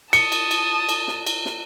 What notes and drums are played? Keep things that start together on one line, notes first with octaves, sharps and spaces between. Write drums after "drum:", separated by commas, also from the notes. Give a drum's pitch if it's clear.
A5 D#6 C#7, drum: cymbal
drum: cymbal
drum: cymbal
drum: cymbal
drum: snare
drum: cymbal
drum: snare